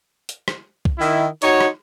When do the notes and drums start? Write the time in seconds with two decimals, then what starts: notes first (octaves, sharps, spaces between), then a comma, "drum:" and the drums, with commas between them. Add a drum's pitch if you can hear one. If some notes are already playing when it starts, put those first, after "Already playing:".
0.29 drum: hi-hat
0.48 drum: rim click
0.85 drum: kick
0.99 D#3 E4
1.42 D#4 F#4 C#5, drum: hi-hat
1.61 drum: rim click